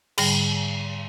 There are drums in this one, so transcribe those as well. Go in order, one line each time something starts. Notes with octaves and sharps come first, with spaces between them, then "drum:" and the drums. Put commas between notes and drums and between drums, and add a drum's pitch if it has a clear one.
G#2 D3 G3, drum: cymbal